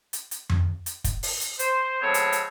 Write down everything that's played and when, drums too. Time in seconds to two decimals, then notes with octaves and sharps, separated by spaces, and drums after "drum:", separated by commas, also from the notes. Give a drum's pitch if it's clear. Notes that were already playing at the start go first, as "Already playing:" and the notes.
0.13 drum: hi-hat
0.31 drum: hi-hat
0.50 drum: tom F2
0.86 drum: hi-hat
1.04 drum: kick, hi-hat
1.23 drum: open hi-hat
1.41 drum: hi-hat
1.59 C5, drum: hi-hat
2.02 F3 G#3 B3 C4 A4 C#5
2.14 drum: hi-hat
2.32 drum: hi-hat